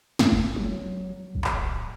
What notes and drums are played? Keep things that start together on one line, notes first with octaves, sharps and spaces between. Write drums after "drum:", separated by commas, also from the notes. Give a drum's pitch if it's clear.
F#2, drum: snare
F#1
F#3
B1
drum: clap
D1